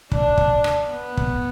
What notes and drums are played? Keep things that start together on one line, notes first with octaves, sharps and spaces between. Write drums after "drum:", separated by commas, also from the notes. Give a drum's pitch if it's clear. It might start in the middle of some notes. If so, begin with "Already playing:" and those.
D4, drum: kick
drum: kick
drum: rim click
B3
drum: kick